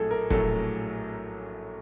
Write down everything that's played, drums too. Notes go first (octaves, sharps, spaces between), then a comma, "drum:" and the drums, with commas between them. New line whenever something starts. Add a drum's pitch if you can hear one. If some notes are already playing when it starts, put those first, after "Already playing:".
Already playing: A#1 A2 F#3 A3 G#4 A4
A#4
A#1 A2 F#3 A3 A4, drum: kick